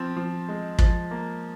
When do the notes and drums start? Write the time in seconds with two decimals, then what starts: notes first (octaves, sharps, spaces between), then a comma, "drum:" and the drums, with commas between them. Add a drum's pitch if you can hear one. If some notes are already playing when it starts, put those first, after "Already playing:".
Already playing: F3 C4
0.16 F3
0.48 G#3
0.79 F3, drum: kick
1.11 A#3